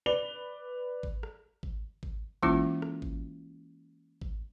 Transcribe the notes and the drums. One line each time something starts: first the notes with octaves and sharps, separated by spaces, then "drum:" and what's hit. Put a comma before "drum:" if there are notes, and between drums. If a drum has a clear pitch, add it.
B4 D5 F7 G7
drum: kick G#1
drum: rim click
drum: kick G#1
drum: kick G#1
E3 G#3 A#3 C#4 E4 F4, drum: kick G#1
drum: rim click
drum: kick G#1
drum: kick G#1